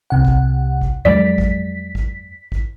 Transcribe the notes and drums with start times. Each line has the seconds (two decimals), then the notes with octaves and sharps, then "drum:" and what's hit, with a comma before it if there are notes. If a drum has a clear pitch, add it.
0.10 C2 C3 F#5
0.25 drum: kick
0.81 drum: kick
1.05 F2 F#3 G#3 D5 B6
1.38 drum: kick
1.95 drum: kick
2.52 drum: kick